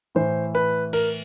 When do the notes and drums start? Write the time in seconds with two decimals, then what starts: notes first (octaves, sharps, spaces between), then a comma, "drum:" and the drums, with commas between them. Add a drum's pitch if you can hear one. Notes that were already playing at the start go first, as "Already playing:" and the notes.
0.15 A2 E3 C5
0.55 B4
0.93 A#4, drum: cymbal